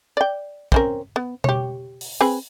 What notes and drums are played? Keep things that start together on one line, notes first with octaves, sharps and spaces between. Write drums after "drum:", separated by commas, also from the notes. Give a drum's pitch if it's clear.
D5 G5
C4 C#4 A#4, drum: kick
B3
G4 C#5, drum: tom B2
drum: open hi-hat
C4 G#4 B4